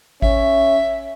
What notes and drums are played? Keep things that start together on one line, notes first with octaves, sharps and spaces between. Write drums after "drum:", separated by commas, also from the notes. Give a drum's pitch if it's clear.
C#4 E5, drum: kick A1